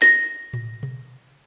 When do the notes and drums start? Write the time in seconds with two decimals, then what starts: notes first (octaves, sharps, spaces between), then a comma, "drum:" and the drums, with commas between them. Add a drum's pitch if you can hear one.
0.02 A#6, drum: snare
0.53 drum: tom A2
0.83 drum: tom B2